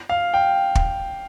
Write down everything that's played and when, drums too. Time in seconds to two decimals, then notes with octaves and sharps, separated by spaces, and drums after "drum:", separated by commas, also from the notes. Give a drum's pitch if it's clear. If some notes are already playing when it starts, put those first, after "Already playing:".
0.09 F5
0.34 G5
0.75 drum: kick